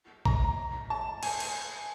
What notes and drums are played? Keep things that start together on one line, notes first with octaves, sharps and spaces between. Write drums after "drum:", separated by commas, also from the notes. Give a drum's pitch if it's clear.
A#5, drum: kick A1
A5
G#5, drum: cymbal
drum: cymbal